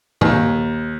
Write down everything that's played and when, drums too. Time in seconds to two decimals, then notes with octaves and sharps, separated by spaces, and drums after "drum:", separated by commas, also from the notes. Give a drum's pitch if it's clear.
0.21 D#2, drum: tom